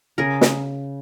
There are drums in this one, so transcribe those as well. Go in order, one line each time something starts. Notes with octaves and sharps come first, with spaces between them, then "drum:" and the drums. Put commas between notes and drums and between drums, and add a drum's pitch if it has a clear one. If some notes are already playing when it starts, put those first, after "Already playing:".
C#3 G#4 A#4
drum: snare